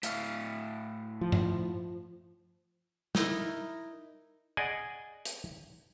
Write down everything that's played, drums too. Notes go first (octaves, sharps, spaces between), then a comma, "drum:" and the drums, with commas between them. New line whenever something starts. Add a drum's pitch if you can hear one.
A2 E5 F5, drum: hi-hat
F3
drum: tom G2
D#4 E4 A#4, drum: snare
G#4 D5 D#5 F#5 G#5
drum: hi-hat